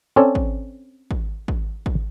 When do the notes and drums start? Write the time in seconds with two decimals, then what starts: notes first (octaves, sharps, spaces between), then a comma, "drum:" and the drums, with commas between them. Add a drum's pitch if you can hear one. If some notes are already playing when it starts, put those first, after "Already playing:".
0.16 C4 C#4 A4 C#5 D5
0.35 drum: kick
1.11 drum: kick
1.48 drum: kick
1.86 drum: kick